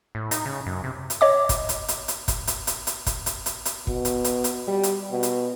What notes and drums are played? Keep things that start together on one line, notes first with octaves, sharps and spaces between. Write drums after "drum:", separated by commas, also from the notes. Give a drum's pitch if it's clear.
A2
D#4, drum: hi-hat
C#3
F#2
C3
drum: hi-hat
C#5 D#5 D6
drum: kick, hi-hat
drum: hi-hat
drum: hi-hat
drum: hi-hat
drum: kick, hi-hat
drum: hi-hat
drum: hi-hat
drum: hi-hat
drum: kick, hi-hat
drum: hi-hat
drum: hi-hat
drum: hi-hat
B2, drum: kick
drum: hi-hat
drum: hi-hat
drum: hi-hat
G3
drum: hi-hat
B2
drum: hi-hat